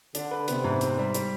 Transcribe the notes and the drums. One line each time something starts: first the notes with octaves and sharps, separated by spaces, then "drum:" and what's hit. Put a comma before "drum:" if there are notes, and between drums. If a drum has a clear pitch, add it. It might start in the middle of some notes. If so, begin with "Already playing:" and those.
D3 D4, drum: hi-hat
B4
C3 B3, drum: hi-hat
G#2
C4, drum: hi-hat
G3
G3, drum: hi-hat